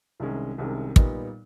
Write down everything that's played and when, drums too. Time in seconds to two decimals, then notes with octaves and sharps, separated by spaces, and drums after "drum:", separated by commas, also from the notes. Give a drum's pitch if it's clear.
0.20 C2 C3 D#3 G#3 C#4
0.58 C2 C3 D#3 G#3 C#4
0.96 A#2 G3 B3 D#4, drum: kick